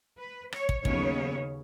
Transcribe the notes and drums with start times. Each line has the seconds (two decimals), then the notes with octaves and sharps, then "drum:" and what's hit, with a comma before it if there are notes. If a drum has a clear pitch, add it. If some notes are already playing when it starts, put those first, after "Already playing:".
0.18 B4
0.52 C#5, drum: rim click
0.69 drum: kick
0.85 D#2 C#3 F#3 B3 C#5, drum: kick